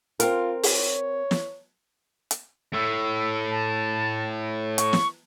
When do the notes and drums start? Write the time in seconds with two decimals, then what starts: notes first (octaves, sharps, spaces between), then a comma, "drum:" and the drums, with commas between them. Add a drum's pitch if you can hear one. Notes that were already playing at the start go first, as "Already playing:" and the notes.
0.20 C4 F4 A#4, drum: hi-hat
0.63 C#5, drum: open hi-hat
1.31 drum: snare
2.31 drum: hi-hat
2.74 A2 E6
3.52 A5
4.78 C#6, drum: hi-hat
4.93 drum: snare